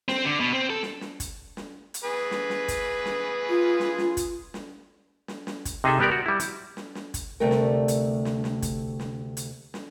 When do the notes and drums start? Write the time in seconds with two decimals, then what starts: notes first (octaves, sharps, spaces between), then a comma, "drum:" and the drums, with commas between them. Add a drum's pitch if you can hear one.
0.08 C4, drum: snare
0.25 D3
0.40 B2
0.53 C4
0.70 A4
0.83 drum: snare
1.01 drum: snare
1.20 drum: kick, hi-hat
1.57 drum: snare
1.94 drum: hi-hat
2.04 G#4 B4
2.31 drum: snare
2.50 drum: snare
2.68 drum: kick, hi-hat
3.05 drum: snare
3.49 F4
3.80 drum: snare
3.98 drum: snare
4.17 drum: kick, hi-hat
4.54 drum: snare
5.28 drum: snare
5.47 drum: snare
5.65 drum: kick, hi-hat
5.84 C3 D#4 G#4 A4 E5
5.99 G3 B3 G4 A#4 D5
6.11 F#4
6.26 G3 E4
6.40 drum: hi-hat
6.77 drum: snare
6.95 drum: snare
7.14 drum: kick, hi-hat
7.40 D2 C3 G3 A3 G4 A#4
7.51 drum: snare
7.88 drum: hi-hat
8.25 drum: snare
8.44 drum: snare
8.62 drum: kick, hi-hat
9.00 drum: snare
9.37 drum: hi-hat
9.74 drum: snare